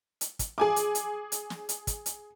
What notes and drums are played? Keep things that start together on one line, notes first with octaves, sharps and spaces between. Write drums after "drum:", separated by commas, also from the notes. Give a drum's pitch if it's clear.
drum: hi-hat
drum: kick, hi-hat
G#4 G#5 D6
drum: hi-hat
drum: hi-hat
drum: hi-hat
drum: snare
drum: hi-hat
drum: kick, hi-hat
drum: hi-hat